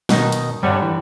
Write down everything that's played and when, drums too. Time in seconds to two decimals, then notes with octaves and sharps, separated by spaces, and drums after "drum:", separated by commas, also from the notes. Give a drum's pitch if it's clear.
0.09 B2 D#3 D#4, drum: snare
0.32 drum: hi-hat
0.63 G2 D3 G3 C#5 F#5
0.82 E3